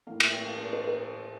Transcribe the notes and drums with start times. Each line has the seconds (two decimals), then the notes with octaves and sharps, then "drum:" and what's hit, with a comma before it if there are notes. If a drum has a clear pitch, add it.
0.07 A2 E3 A#3 F5
0.20 E5, drum: cymbal
0.33 G5
0.47 F5
0.59 A#4
0.73 C5
0.80 A#4
0.87 C5